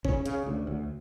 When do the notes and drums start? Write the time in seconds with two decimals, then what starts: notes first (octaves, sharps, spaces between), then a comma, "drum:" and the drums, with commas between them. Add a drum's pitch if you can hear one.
0.05 C#3 C#4, drum: kick F#1
0.26 C#3, drum: hi-hat
0.46 D2
0.67 D2